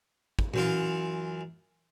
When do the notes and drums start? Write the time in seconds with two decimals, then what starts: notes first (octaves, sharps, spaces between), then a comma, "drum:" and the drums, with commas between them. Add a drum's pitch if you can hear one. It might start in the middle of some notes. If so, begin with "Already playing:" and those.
0.39 drum: kick
0.54 F#2 E3 F4, drum: tom A#2